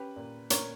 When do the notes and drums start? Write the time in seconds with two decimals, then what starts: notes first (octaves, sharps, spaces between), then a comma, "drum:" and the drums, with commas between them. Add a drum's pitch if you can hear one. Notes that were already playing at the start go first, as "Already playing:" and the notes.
Already playing: C#4 G4 B4
0.16 A#2
0.50 A#2 A#4 C#5, drum: hi-hat